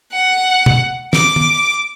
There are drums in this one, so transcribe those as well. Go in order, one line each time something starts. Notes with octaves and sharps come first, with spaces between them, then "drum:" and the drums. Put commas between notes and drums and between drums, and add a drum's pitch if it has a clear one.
F#5
drum: tom
D6, drum: snare
drum: tom